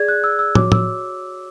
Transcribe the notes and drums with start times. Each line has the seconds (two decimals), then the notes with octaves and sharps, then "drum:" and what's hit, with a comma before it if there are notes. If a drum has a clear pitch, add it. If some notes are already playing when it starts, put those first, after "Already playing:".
Already playing: G#4 D5 G#6
0.08 F#6
0.24 E6
0.39 E6
0.55 F#4 C#5 D6, drum: tom
0.72 E6, drum: tom